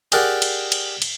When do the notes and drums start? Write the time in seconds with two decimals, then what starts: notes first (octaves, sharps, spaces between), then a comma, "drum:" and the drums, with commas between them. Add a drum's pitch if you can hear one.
0.12 G4 G#4 A#4 D5 F#5, drum: cymbal
0.42 drum: cymbal
0.72 drum: cymbal
1.02 drum: cymbal